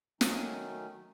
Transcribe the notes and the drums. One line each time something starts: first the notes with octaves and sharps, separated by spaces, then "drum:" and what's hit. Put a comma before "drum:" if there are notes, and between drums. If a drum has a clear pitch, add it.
D#3 F#3 A3 C#4 D#4, drum: snare